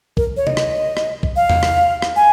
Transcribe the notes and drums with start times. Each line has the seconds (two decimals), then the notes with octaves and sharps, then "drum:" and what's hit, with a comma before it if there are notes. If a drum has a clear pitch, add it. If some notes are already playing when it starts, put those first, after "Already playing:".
0.17 A#4, drum: kick
0.37 C#5
0.47 D#5, drum: tom C3
0.57 drum: rim click
0.97 drum: rim click
1.23 drum: kick
1.36 F5
1.50 drum: tom E2
1.63 drum: rim click
2.02 drum: rim click
2.16 G#5